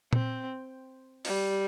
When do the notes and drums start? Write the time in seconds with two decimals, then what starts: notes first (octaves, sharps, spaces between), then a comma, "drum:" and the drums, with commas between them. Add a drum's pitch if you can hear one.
0.13 C4, drum: tom A#2
1.25 G3, drum: open hi-hat